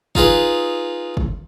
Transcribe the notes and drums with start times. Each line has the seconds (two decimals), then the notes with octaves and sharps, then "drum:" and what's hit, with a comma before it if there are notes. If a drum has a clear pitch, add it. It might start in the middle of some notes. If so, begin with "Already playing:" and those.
0.15 D#4 F4 G#4 B4, drum: kick
1.17 drum: kick